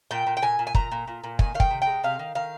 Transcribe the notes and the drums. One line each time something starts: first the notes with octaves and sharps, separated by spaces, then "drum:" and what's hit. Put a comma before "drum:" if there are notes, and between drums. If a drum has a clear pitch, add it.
A#2 G5
A#2
G5
A#2 G#5
A#2
G#5
A#2 A#5, drum: kick
A#2
A#2
A#2
D#3 G#5, drum: kick
D#3 F5
G5, drum: kick
C3
G#3 G5
C3 F5
D#3
D#3 F5